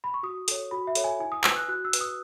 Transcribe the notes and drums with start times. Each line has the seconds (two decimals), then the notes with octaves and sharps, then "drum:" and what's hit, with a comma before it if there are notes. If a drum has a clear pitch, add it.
0.04 B5
0.14 C#6
0.23 F#4 D#6
0.48 A4 C#5, drum: hi-hat
0.71 F#4 B5
0.87 E5
0.95 A4 C#5, drum: hi-hat
1.04 G#5
1.20 E4 G#5
1.32 D#6
1.44 B4 E6, drum: clap
1.56 F#6
1.68 F#4 F#6
1.85 E6
1.93 B4, drum: hi-hat
2.01 D#6